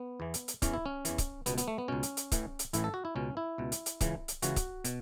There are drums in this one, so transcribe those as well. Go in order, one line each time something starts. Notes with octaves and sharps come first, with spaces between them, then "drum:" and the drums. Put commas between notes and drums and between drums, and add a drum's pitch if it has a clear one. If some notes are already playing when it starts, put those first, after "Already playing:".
Already playing: B3
E2 E3
drum: hi-hat
drum: hi-hat
E2 E3 C#4, drum: kick C#1, hi-hat
E4
C#4
E2 E3, drum: hi-hat
drum: kick C#1, hi-hat
C#2 B2 B3, drum: hi-hat
B3, drum: hi-hat
A3
B3
C#2 B2 C#4
drum: hi-hat
drum: hi-hat
A1 A2 E3, drum: kick C#1, hi-hat
drum: hi-hat
A1 A2 E3 E4, drum: hi-hat
A4
F#4
E4
C#2 B2 C#4
E4
C#2 B2
drum: hi-hat
drum: hi-hat
C#2 C#3 E3, drum: kick C#1, hi-hat
drum: hi-hat
C#2 C#3 E3 F#4, drum: hi-hat
drum: kick C#1, hi-hat
B2, drum: hi-hat